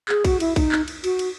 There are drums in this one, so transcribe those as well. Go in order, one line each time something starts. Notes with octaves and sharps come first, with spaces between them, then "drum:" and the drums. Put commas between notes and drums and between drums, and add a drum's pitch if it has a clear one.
G#4, drum: clap
F#4, drum: kick, cymbal
E4, drum: cymbal
D#4, drum: kick, cymbal
drum: clap
drum: cymbal
F#4, drum: cymbal
drum: cymbal